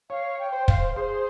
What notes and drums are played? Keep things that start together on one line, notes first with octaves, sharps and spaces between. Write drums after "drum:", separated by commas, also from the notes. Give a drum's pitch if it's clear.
C#5 F5
G5
C5
F5, drum: kick
G#4 C5